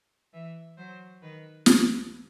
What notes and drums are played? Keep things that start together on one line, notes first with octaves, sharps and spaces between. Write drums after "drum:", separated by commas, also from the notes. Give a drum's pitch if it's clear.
E3 E5
F#3 C5
D#3 B4
E3 B4, drum: snare